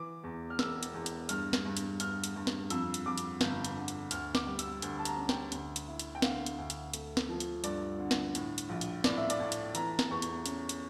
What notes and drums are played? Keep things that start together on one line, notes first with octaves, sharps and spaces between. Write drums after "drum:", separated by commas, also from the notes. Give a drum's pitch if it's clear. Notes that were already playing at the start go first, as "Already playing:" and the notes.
Already playing: E3 D6
E2
F6
E1 E6, drum: snare
drum: hi-hat
E2
drum: hi-hat
G2 F6, drum: hi-hat
drum: snare
G2
drum: hi-hat
G2 F6, drum: hi-hat
drum: hi-hat
G2
drum: snare
F2 E6, drum: hi-hat
drum: hi-hat
F2 D6
drum: hi-hat
G1, drum: snare
drum: hi-hat
D3
drum: hi-hat
D2 F6, drum: hi-hat
D6, drum: snare
G3
E6, drum: hi-hat
D2, drum: hi-hat
A5
A#5, drum: hi-hat
C#4
G5, drum: snare
D2, drum: hi-hat
drum: hi-hat
E4
drum: hi-hat
G5
D3 F5, drum: snare
drum: hi-hat
D2
drum: hi-hat
A3, drum: hi-hat
drum: snare
F3
drum: hi-hat
G2 D5, drum: hi-hat
D3
drum: snare
A2, drum: hi-hat
drum: hi-hat
A#1
drum: hi-hat
A2 D5, drum: snare
E5
D5, drum: hi-hat
A2
drum: hi-hat
E3 A#5, drum: hi-hat
drum: snare
E2 C#6
drum: hi-hat
C#4, drum: hi-hat
drum: hi-hat